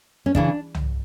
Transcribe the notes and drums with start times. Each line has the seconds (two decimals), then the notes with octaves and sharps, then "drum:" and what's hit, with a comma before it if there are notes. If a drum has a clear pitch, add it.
0.26 C#4
0.35 C#3 E3 D4, drum: kick
0.75 drum: tom